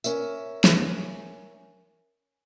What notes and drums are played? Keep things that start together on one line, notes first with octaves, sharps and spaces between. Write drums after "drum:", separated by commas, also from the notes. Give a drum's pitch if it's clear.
C#4 A#4 E5, drum: tambourine
drum: snare